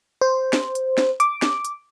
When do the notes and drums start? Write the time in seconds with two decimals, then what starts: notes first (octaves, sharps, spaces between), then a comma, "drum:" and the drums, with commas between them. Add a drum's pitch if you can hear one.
0.21 C5
0.53 drum: snare
0.75 drum: hi-hat
0.98 drum: snare
1.20 D6, drum: hi-hat
1.42 drum: snare
1.65 drum: hi-hat